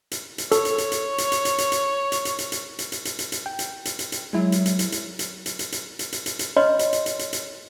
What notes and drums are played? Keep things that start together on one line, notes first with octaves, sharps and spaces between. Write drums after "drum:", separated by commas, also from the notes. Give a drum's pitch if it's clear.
drum: hi-hat
drum: hi-hat
A4 C#5, drum: hi-hat
drum: hi-hat
drum: hi-hat
drum: hi-hat
drum: hi-hat
drum: hi-hat
drum: hi-hat
drum: hi-hat
drum: hi-hat
drum: hi-hat
drum: hi-hat
drum: hi-hat
drum: hi-hat
drum: hi-hat
drum: hi-hat
drum: hi-hat
drum: hi-hat
drum: hi-hat
G5
drum: hi-hat
drum: hi-hat
drum: hi-hat
drum: hi-hat
F#3 G#3 E4
drum: hi-hat
drum: hi-hat
drum: hi-hat
drum: hi-hat
drum: hi-hat
drum: hi-hat
drum: hi-hat
drum: hi-hat
drum: hi-hat
drum: hi-hat
drum: hi-hat
drum: hi-hat
B4 C#5 D#5 B5 C6
drum: hi-hat
drum: hi-hat
drum: hi-hat
drum: hi-hat
drum: hi-hat